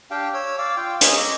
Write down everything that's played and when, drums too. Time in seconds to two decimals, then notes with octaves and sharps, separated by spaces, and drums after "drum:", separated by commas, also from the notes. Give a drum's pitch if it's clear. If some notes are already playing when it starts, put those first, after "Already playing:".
0.11 D4 G4 F5 G5
0.34 C#5 E6
0.58 D5 F5 D6 E6
0.77 F4 F5 G5
1.01 G#3 C#4 D#4 G#4, drum: hi-hat
1.17 D#5 C#6 D6 E6